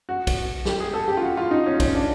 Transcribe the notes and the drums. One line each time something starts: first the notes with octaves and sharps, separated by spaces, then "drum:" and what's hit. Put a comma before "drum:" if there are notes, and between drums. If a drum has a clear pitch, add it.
F#4
drum: kick, cymbal
G4, drum: snare
G#4
A4
G4
F4
F#4
F4
D#4
C#4
C#4, drum: kick, cymbal
D4